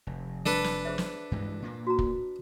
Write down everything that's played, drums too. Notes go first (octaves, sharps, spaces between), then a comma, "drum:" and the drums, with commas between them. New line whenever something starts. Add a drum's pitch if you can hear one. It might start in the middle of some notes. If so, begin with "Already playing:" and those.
F1
D4 A4 B4
drum: snare
G#4 C5 E5
drum: snare
G2 E3 G#3
A#2 A#3
F#4 A#5
drum: kick